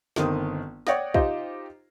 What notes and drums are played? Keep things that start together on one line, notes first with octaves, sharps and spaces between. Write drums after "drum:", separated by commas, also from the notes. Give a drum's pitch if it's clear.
G1 D#3 C4 D#6, drum: snare
C#5 D5 F#5 G5 D#6 A#6, drum: snare
D#4 F4 G4 C5 D#5, drum: kick